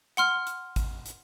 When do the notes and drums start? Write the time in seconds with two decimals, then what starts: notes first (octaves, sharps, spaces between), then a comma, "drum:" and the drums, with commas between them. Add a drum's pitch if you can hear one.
0.17 F#5 C6 F6, drum: hi-hat
0.47 drum: hi-hat
0.76 drum: kick, hi-hat
1.06 drum: hi-hat